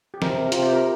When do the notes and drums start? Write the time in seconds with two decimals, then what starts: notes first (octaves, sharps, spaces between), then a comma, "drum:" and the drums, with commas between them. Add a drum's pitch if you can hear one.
0.14 G4
0.22 C3 A#4, drum: snare
0.52 C3 F4, drum: hi-hat
0.63 G4
0.73 A#4